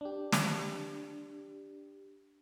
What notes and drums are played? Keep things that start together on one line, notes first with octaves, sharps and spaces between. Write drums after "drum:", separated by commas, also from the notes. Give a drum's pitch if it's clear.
D4 G4
drum: snare